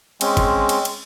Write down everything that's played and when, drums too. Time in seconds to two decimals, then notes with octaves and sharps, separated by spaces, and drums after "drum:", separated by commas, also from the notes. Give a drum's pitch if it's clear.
0.21 G#3 C4 C#4, drum: cymbal
0.37 drum: kick, cymbal
0.69 drum: cymbal
0.85 drum: cymbal